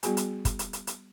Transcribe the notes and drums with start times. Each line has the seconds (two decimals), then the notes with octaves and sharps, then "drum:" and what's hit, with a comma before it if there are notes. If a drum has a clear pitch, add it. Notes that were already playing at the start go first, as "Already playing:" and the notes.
0.03 G3 B3 F#4 G#4 G#5, drum: hi-hat
0.17 drum: hi-hat
0.45 drum: kick, hi-hat
0.59 drum: hi-hat
0.73 drum: hi-hat
0.87 drum: hi-hat